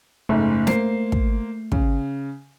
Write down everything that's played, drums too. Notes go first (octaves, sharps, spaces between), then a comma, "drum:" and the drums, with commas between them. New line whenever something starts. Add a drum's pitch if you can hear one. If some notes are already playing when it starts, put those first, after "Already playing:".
F#1 G#2 A3
A#3 C5 C7, drum: snare
drum: kick
C#3, drum: kick